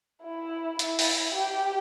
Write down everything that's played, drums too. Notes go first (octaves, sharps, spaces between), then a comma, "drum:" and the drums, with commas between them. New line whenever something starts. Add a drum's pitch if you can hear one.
E4
E4, drum: hi-hat
drum: open hi-hat
G4